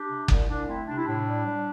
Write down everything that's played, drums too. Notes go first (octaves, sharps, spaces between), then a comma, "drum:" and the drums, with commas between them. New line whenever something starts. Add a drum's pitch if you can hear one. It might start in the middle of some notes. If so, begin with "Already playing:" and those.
Already playing: D4 G4
C3
C2, drum: kick F#1
C2 D4
A3 C4 E4
C3 D4
E4
A2 D4
G3
G3